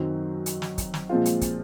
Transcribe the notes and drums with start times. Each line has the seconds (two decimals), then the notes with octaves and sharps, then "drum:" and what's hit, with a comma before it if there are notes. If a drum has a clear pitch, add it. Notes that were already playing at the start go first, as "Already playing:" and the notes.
Already playing: F#2 D#3 F#3 C4 D#4
0.46 drum: hi-hat
0.62 drum: snare
0.78 drum: kick, hi-hat
0.94 drum: snare
1.09 A#2 F3 G#3 C4 F4
1.25 drum: hi-hat
1.41 drum: kick, hi-hat